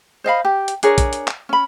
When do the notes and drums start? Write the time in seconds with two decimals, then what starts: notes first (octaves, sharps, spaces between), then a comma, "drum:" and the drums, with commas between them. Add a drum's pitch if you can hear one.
0.24 C5 D#5 F5 B5
0.45 G4
0.68 drum: hi-hat
0.83 D4 G#4 A#4 C#5, drum: hi-hat
0.98 drum: kick A#1, hi-hat
1.13 drum: hi-hat
1.28 drum: clap
1.49 C#4 B5